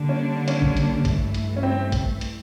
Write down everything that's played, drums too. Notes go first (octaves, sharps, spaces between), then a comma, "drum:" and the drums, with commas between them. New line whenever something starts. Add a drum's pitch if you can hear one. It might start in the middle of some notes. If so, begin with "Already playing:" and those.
Already playing: D3 G3 A#3 D4
C#4
C#4, drum: hi-hat
drum: kick
drum: hi-hat
G2 E3 A3, drum: kick, hi-hat
drum: hi-hat
C#4
C4
drum: kick, hi-hat
drum: hi-hat